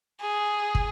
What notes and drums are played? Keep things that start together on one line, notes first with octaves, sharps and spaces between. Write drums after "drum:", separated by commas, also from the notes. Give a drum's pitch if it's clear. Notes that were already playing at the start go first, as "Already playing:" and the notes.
G#4
drum: kick